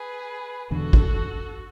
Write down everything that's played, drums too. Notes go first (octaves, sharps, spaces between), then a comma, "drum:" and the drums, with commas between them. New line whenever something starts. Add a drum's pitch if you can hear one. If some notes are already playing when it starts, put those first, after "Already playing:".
Already playing: G#4 B4
E1 E2 D3 F#4 A4
drum: kick